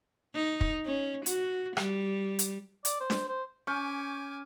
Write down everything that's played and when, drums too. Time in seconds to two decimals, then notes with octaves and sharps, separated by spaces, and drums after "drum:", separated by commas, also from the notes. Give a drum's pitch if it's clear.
0.35 D#4
0.61 drum: kick
0.85 C#4
1.26 F#4, drum: hi-hat
1.77 G3, drum: rim click
2.39 drum: hi-hat
2.85 D5, drum: hi-hat
3.00 C5
3.10 drum: snare D4
3.28 C5
3.67 C#4 G#5 C#6 D6 G6